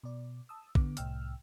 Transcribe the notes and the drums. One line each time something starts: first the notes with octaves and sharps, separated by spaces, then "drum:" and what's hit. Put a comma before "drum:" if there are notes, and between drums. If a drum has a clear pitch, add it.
B2 D5
A5 D#6 E6
D3 B3 D6, drum: kick
C2 A2 G5 E6 F6, drum: hi-hat